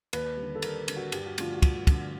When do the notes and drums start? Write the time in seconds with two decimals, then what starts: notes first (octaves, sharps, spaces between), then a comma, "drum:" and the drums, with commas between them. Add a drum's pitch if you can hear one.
0.13 D#2 B4, drum: cymbal
0.37 G3
0.42 D3
0.55 A4
0.62 D#2 A#4, drum: cymbal
0.88 D3 G3, drum: cymbal
0.96 F#4
1.12 G2 G4, drum: cymbal
1.26 F#4
1.38 D3 F3 A3 F4, drum: cymbal
1.54 F#4
1.62 G2, drum: kick, cymbal
1.87 D3 F3 A3, drum: kick, cymbal